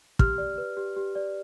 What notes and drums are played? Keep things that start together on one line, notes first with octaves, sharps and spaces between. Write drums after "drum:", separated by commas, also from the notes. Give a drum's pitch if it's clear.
G4 F6, drum: kick
D5
B4
G4
G4
D5